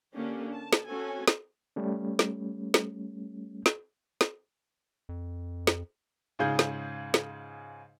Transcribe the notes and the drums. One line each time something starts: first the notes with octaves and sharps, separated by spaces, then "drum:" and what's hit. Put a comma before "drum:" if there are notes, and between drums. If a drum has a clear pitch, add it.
D3 A#3 C#4 D4 G4
A5
drum: snare
C4 C#4 F#4 A4 G#5
drum: snare
G3 A3 C#4
drum: snare
drum: snare
drum: snare
drum: snare
F2
drum: snare
G#2 C#3 F4 G#4 G6
drum: snare
drum: snare